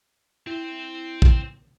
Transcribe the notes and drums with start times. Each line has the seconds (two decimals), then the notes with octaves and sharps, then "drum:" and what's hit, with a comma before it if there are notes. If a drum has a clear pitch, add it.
0.47 C4 E4
1.22 drum: kick